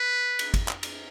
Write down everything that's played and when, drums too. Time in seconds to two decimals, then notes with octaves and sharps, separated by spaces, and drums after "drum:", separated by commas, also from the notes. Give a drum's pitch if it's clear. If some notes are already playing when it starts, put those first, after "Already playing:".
Already playing: B4
0.39 drum: cymbal
0.54 drum: kick, cymbal
0.68 drum: clap
0.83 drum: cymbal